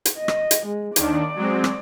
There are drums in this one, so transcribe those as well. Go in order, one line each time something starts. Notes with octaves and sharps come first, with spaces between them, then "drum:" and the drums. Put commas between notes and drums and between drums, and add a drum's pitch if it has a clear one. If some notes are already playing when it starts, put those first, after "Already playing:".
drum: hi-hat
D#5
drum: rim click
drum: hi-hat
G#3
D#2 D#3 D4 D5, drum: hi-hat
F#3 G#3 C4
drum: rim click